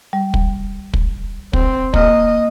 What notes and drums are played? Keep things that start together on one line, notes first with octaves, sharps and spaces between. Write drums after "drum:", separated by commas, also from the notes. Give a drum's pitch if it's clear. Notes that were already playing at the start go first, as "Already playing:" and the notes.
G3
drum: kick
drum: kick
C4, drum: kick
A#3 D#5 F6, drum: kick